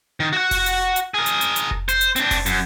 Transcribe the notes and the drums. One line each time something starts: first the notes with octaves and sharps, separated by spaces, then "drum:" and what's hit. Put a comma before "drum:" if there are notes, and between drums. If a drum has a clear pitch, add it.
D#3
F#4 F#5
drum: kick F1, open hi-hat
drum: hi-hat
drum: hi-hat
G#4 A#4
drum: hi-hat
drum: hi-hat
drum: hi-hat
drum: kick F1
C5, drum: hi-hat
drum: hi-hat
C4 D4, drum: hi-hat
drum: kick F1, open hi-hat
F#2, drum: hi-hat